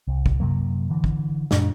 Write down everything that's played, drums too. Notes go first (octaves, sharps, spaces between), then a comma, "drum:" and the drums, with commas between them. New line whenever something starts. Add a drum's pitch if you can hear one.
C2
drum: kick
F#2 C3 F#3 A#3
D3 E3
drum: kick
F#2 A#2 G#3 D4, drum: snare